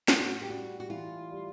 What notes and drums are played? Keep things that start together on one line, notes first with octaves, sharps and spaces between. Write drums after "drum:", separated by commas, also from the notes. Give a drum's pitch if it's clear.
A2 F#4, drum: snare
G4
G3 F#4
F#4
E3 F4
G3